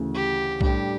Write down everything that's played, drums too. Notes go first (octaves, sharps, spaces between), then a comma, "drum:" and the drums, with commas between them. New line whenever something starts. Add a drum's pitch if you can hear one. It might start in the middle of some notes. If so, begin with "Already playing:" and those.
Already playing: D2 C#3 E3
G4
A2 G3 D4 G4, drum: kick B1